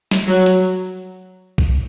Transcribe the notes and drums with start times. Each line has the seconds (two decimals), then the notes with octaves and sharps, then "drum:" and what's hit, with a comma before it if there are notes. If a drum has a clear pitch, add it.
0.11 drum: snare
0.27 F#3
0.46 drum: hi-hat
1.58 drum: kick B1